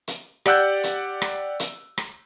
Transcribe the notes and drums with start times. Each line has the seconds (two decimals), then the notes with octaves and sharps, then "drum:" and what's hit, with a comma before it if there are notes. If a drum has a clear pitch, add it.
0.08 drum: hi-hat
0.46 G4 D5 F#5 E6 F#6 G6, drum: rim click
0.84 drum: hi-hat
1.22 drum: rim click
1.60 drum: hi-hat
1.98 drum: rim click